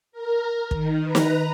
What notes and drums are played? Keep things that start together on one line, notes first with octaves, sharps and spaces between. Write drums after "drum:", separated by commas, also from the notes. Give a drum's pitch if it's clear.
A#4
D#3, drum: kick
B4 A#5
drum: snare